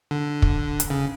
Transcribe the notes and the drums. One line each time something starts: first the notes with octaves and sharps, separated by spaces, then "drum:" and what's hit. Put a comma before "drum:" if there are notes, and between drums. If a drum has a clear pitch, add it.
D3
drum: kick
drum: hi-hat
C#3